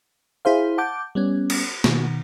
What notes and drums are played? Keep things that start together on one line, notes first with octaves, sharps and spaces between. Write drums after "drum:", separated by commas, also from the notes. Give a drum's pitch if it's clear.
E4 G#4 C5 F5
F#5 A5 D6 G6
G3 B3 C#4
drum: cymbal
B2 D#3, drum: snare